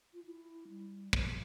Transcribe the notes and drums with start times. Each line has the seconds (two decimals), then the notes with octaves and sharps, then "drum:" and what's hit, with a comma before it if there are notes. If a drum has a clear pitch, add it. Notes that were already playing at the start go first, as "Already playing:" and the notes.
0.13 F4
0.24 E4
0.69 G3
1.13 F3, drum: kick